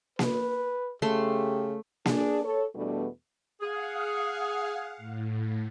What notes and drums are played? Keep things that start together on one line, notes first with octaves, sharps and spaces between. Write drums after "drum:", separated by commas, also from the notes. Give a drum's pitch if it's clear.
B4, drum: snare A#3
C#3 A3 G4 C6
D4 G#4, drum: snare A#3
A4 C#5
E2 B2 G3 A3 B3 D4
G#4 F5 F#5
A2